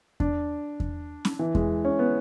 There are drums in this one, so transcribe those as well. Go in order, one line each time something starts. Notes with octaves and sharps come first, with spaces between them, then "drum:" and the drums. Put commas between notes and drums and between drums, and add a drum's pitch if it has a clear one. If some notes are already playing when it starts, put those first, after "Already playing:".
D4, drum: kick E2
drum: kick E2
drum: snare C#4
E3
G#3, drum: kick E2
C#4
B3